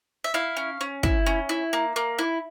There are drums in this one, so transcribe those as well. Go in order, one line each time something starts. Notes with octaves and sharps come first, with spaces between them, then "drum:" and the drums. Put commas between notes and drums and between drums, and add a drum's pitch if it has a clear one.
E5
E4 F5
C#4
C#4
E4, drum: kick
C#4
E4
A#3
A#3
E4